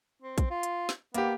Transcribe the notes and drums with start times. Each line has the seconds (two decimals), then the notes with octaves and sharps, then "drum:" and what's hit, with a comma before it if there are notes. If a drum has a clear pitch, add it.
0.22 C4
0.38 drum: kick A#1, hi-hat
0.50 F4
0.63 drum: hi-hat
0.89 drum: snare
1.14 A#3 B3 G4, drum: hi-hat